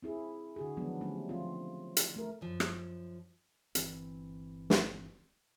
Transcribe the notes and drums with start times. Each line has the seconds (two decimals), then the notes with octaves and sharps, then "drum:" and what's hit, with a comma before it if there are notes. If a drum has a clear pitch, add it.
0.03 C4 E4 G#4
0.56 D3 F#4 G#4
0.77 D#3 F3 F#3 G#3 B3 D4
1.01 D3 F#3 G3 A3 C#4
1.29 F3 C4 F4
1.97 drum: hi-hat
2.16 A3 A#4
2.41 F#2 F3
2.60 drum: rim click
3.75 G1 E3 C4, drum: hi-hat
4.70 drum: snare